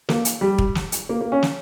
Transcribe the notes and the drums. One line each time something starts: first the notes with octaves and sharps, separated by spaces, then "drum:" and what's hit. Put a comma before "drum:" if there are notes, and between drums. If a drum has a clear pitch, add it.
A#3, drum: snare
drum: hi-hat
G3
drum: kick
drum: snare
drum: hi-hat
A#3
A#3
C#4
drum: snare